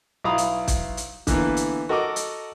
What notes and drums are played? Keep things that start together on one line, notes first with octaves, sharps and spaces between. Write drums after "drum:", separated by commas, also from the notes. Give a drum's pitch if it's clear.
B1 E4 F5 A#5 B5 D#6
drum: hi-hat
drum: kick, hi-hat
drum: hi-hat
D3 E3 A#3 B3, drum: kick, hi-hat
drum: hi-hat
F#4 A4 A#4 D#5 F#5 D6
drum: hi-hat